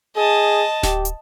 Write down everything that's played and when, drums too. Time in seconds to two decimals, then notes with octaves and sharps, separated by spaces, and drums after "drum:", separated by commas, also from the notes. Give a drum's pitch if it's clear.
0.16 G#4 D#5 A5
0.83 G4, drum: snare D1
1.05 drum: hi-hat